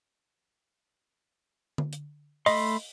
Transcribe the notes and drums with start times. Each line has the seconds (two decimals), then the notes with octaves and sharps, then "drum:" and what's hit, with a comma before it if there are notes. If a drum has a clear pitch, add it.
1.78 drum: tom D3
1.93 drum: hi-hat
2.46 A3 D#5 B5 C6, drum: open hi-hat